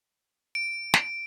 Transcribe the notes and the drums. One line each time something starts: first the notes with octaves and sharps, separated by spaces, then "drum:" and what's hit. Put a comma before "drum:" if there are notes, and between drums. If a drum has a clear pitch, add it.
D7
drum: snare